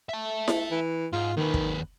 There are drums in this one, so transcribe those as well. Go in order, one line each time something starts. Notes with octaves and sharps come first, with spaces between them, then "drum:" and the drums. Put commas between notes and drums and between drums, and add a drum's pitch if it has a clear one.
E5 A5
drum: snare E4
E3
G#2 F4
D#2 D#3 B4
drum: kick